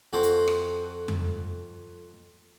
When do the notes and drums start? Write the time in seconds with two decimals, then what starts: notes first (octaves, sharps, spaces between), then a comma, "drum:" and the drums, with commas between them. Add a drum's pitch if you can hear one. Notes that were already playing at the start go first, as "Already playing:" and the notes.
0.13 F2 F#4 A4 C5
0.23 drum: hi-hat
0.48 drum: rim click
1.08 drum: tom F2